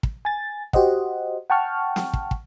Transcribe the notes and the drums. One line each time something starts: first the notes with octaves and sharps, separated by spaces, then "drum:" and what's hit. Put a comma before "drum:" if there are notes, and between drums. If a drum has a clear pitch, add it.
drum: kick
G#5 A6
F#4 G4 C5 D#5 F#5, drum: kick
F#5 G5 A5 C#6 F6
drum: snare
drum: kick
drum: kick